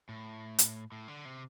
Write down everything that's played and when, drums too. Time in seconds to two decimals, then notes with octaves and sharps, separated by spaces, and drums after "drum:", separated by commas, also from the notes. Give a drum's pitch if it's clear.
0.09 A2
0.59 drum: hi-hat
0.92 A2
1.08 D3
1.25 C3